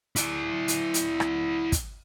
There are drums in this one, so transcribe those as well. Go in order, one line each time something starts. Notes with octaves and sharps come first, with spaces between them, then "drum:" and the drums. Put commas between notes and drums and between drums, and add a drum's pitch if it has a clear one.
E4 D5, drum: hi-hat
drum: hi-hat
drum: hi-hat
drum: rim click
drum: kick, hi-hat